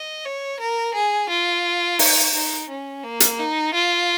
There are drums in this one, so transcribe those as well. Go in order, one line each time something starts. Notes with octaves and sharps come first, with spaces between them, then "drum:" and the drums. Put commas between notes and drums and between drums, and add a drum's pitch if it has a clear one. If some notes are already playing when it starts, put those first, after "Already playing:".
Already playing: D#5
C#5
A#4
G#4
F4
D#4, drum: open hi-hat
D#4
C#4
A#3
drum: hi-hat
D#4
F4